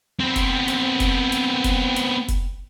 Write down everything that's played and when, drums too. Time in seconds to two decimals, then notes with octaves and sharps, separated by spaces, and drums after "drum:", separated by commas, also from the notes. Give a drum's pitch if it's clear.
0.20 B3 C4
0.36 drum: kick, hi-hat
0.68 drum: hi-hat
1.00 drum: kick, hi-hat
1.32 drum: hi-hat
1.64 drum: kick, hi-hat
1.96 drum: hi-hat
2.28 drum: kick, hi-hat